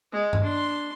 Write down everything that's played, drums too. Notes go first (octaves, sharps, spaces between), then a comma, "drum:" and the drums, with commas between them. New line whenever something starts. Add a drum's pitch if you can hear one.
G#3 D#5
drum: tom G2
D4 C6